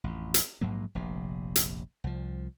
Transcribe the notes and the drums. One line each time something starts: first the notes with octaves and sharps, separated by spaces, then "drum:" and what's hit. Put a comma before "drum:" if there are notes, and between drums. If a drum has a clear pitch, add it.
A1 F2
drum: hi-hat
A#1 G#2 F#3 A#3
F1 A#1 C3
drum: hi-hat
C2 F3